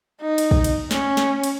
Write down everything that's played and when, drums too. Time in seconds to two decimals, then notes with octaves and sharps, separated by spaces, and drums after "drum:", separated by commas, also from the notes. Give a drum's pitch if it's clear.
0.21 D#4
0.38 drum: cymbal
0.51 drum: kick
0.64 drum: cymbal
0.91 C#4, drum: snare
1.17 drum: snare
1.44 drum: cymbal